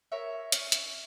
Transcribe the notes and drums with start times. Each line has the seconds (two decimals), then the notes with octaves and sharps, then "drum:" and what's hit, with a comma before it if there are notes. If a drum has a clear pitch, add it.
0.12 A#4 C#5 E5
0.52 C#4, drum: hi-hat
0.72 drum: hi-hat